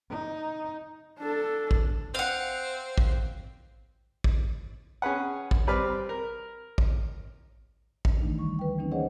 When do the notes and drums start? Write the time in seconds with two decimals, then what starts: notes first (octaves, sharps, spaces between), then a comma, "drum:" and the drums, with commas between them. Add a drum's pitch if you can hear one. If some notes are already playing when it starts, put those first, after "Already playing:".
0.10 D#4
1.19 D4 A4
1.71 drum: kick A1
2.15 C4 F5 F#5
2.98 drum: kick A1
4.24 drum: kick A1
5.02 C#4 G#4 B4 F#5
5.51 drum: kick A1
5.67 G3 C4 B4 D5 F6
6.09 A#4
6.78 drum: kick A1
8.05 drum: kick A1
8.21 D#3 E3 A3 D4 D#4
8.38 D2 D3 E3 G3 C#6
8.59 B4 G5
8.78 E3 A#3 C4 C#4 D#4
8.92 D4 G#4 C5 C#5 D#5 F#5